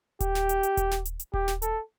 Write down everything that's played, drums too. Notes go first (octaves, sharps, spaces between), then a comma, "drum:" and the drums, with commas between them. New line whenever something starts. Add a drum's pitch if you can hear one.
G4, drum: kick D#1, hi-hat
drum: snare
drum: hi-hat
drum: hi-hat
drum: kick D#1, hi-hat
drum: snare
drum: hi-hat
drum: hi-hat
G4, drum: kick D#1
drum: snare
A4, drum: hi-hat